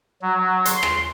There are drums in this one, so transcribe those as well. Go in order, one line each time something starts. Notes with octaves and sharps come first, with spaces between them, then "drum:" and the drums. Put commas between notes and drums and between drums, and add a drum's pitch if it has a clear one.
F#3
C6, drum: hi-hat
drum: rim click